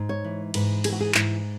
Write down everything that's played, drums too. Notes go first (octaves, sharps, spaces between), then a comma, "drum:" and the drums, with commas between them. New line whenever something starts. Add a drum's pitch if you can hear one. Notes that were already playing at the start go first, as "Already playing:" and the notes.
Already playing: G#2
C#5
E3
G#2 B4, drum: cymbal
E3 G#4, drum: cymbal
F#4
G#4
G#2 E4, drum: clap